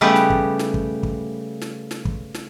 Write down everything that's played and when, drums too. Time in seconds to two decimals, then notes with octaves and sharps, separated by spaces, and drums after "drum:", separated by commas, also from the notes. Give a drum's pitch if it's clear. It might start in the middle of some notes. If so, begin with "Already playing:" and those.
0.01 C#3 G3 A3 B3 G4 B4
0.16 drum: snare
0.30 drum: kick
0.59 drum: snare
0.74 drum: kick
1.03 drum: kick
1.62 drum: snare
1.91 drum: snare
2.05 drum: kick
2.34 drum: snare